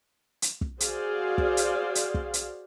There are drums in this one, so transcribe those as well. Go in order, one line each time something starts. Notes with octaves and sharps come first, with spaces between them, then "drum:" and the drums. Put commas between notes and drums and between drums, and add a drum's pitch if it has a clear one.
drum: hi-hat
drum: kick
F#4 G#4 C5 D5 F5, drum: hi-hat
drum: kick
drum: hi-hat
drum: hi-hat
drum: kick
drum: hi-hat